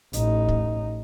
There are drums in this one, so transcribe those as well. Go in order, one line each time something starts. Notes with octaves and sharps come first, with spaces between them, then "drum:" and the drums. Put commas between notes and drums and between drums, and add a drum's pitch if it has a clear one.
A1 D#4, drum: hi-hat
drum: kick